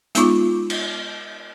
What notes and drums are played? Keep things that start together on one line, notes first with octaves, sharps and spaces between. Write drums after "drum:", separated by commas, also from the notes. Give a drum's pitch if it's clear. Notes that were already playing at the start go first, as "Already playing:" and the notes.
G#3 B3 D#4 F4 D6, drum: hi-hat
drum: cymbal